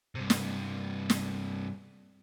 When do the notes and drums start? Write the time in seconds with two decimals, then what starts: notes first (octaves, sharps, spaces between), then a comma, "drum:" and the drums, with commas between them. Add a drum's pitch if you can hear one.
0.15 G2 C3
0.30 drum: snare
1.10 drum: snare